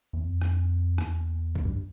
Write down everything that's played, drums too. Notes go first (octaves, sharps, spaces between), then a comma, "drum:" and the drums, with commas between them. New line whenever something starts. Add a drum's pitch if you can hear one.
E2
F2
drum: rim click
E2, drum: rim click
drum: kick C2
G2